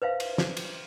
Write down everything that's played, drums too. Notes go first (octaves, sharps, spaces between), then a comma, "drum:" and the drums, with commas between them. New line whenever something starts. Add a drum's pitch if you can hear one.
B4 C5 E5 F5
drum: cymbal
drum: snare
drum: cymbal